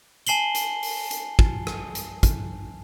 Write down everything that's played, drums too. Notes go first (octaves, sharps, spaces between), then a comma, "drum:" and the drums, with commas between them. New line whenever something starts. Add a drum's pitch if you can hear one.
G#5 A5 C7 F#7 G7, drum: hi-hat
drum: hi-hat
drum: open hi-hat
drum: hi-hat
drum: kick
drum: rim click
drum: hi-hat
drum: kick, hi-hat